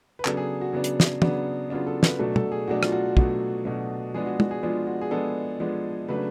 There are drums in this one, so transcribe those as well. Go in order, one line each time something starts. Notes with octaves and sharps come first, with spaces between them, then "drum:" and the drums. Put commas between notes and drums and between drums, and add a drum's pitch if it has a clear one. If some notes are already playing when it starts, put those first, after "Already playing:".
B4
C#3 F#3 B3 D4 A4, drum: clap
G#4
F#4
C#3 F#3 B3 D4
drum: hi-hat
drum: snare
C#3 F#3 B3 D4, drum: tom
C#3 F#3 B3 D4 F4
A4
B4, drum: snare
B2 F#3 A3 D4 A4
A4, drum: tom
G#4
B2 F#3 A3 D4 F#4
F4, drum: rim click
F#4
B2 F#3 A3 D4, drum: kick
B2 F#3 A3 D4
F3 G#3 B3 D4 G#4
F#4
F#4, drum: tom
G#4
F3 G#3 B3 D4 F4
F#4
G#4
F3 G#3 B3 D4 A4
F3 G#3 B3 D4
C#3 F#3 A3 D4 B4